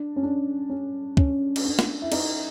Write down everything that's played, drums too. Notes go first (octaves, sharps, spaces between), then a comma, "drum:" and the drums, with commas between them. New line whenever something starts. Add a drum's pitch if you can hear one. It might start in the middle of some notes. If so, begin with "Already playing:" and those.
Already playing: D4
C#4
D4
C#4
C#4, drum: kick
drum: cymbal
D4
drum: snare
E4
D#4, drum: cymbal